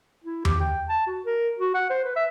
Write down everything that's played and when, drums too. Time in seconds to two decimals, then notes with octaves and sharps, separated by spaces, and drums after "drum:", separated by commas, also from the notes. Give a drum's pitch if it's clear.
0.24 E4
0.45 G4, drum: tom E2
0.60 G5
0.89 A5
1.07 F#4
1.26 A#4
1.59 F#4
1.75 F#5
1.90 C5
2.05 B4
2.16 E5